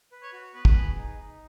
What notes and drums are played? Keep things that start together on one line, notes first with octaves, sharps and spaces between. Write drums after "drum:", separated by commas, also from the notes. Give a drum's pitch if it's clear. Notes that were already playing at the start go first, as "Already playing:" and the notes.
B4
C#5
F#4
B3 B4
drum: kick
G#4
D#4
D#4